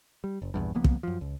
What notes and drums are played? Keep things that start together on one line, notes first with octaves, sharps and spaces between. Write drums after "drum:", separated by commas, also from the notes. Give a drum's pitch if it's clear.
G3
F#1
A#1 E2 G2
C#2 F3 A#3 B3
drum: kick
F#2 F3
C#2